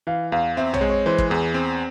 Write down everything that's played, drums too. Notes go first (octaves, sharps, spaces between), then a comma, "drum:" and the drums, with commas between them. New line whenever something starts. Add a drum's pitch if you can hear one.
E3 F5
E2 F5
C4 E5
C#5, drum: tom A#1
G#3
C#5
E3 C5
drum: kick
E2 G#4
C4